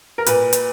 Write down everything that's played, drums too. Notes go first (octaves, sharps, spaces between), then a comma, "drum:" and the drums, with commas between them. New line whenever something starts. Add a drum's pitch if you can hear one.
A#4
A#2 B4, drum: hi-hat
drum: hi-hat